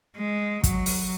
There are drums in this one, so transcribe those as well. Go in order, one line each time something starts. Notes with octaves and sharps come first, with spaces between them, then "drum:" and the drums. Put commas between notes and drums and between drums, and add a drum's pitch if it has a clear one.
G#3
F#3, drum: kick, hi-hat
drum: open hi-hat